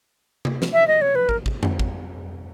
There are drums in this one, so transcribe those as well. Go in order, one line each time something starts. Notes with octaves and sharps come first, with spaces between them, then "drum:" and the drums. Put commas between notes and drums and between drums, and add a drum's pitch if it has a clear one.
drum: tom C3
drum: snare
E5
D#5
C#5
B4
A#4, drum: kick
drum: kick
drum: tom F2
drum: kick